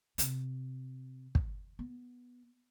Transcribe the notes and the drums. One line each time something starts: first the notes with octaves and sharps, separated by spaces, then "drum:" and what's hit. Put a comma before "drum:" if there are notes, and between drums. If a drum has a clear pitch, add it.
C3, drum: hi-hat
drum: kick
B3